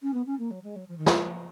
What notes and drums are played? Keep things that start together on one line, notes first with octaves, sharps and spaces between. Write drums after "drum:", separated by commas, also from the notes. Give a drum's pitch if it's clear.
C#4
B3
C#4
A#3
F#3
G#3
F#3
F3
D#3
F3, drum: snare